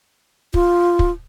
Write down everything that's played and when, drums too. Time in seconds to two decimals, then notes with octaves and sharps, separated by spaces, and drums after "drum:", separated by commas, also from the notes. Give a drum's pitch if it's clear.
0.54 F4, drum: kick
0.99 drum: kick